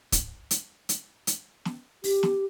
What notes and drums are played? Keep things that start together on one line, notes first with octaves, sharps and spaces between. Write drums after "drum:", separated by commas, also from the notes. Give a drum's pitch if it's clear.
drum: kick, hi-hat
drum: hi-hat
drum: hi-hat
drum: hi-hat
drum: snare
G4, drum: open hi-hat
drum: snare